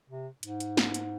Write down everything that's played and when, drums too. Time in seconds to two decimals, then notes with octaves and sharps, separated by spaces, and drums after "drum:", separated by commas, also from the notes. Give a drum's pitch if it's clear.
0.10 C3
0.43 G#2, drum: hi-hat
0.60 drum: hi-hat
0.77 drum: snare
0.94 drum: hi-hat